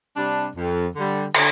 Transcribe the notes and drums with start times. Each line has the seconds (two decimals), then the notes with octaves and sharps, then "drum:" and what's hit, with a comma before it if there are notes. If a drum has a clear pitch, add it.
0.17 C3 G3 D4
0.55 F2
0.95 D3 G3
1.34 D3, drum: cymbal